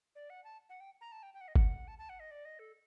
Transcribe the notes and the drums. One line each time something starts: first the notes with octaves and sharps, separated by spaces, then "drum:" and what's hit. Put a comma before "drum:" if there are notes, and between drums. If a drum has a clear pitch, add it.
D5
F#5
A5
F#5
G5
A#5
A5
G5
G5
F#5
D#5
F#5, drum: kick G1
A5
A5
F#5
D#5
D5
D#5
A4